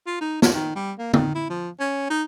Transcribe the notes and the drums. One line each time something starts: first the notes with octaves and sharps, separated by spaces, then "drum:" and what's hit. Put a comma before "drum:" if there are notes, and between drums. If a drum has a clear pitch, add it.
F4
D#4
D#2, drum: snare
D#3
G3
A#3
D#3, drum: tom
E4
F3
C#4
D#4